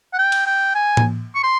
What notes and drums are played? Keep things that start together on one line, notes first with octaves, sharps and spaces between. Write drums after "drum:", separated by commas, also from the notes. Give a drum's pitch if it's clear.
F#5
G5
drum: cymbal
G5
G#5
drum: tom A2
C#6
C6